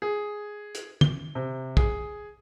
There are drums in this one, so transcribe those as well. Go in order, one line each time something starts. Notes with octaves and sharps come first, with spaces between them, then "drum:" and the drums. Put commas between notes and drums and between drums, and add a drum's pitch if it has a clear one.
G#4
drum: hi-hat
G7, drum: tom
C3
G#4, drum: kick